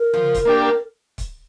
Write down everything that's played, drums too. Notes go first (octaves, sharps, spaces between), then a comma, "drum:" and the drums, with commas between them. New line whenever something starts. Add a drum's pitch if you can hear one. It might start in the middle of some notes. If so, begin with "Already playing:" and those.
Already playing: A#4
F3, drum: tom C#3
drum: kick C#1, hi-hat
A#3 D4 G4
drum: kick C#1, hi-hat